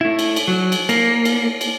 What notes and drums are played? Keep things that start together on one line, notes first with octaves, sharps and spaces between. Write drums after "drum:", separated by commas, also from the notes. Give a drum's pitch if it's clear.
A3 E4
drum: cymbal
drum: cymbal
F#3
drum: cymbal
A#3, drum: cymbal
drum: cymbal
drum: cymbal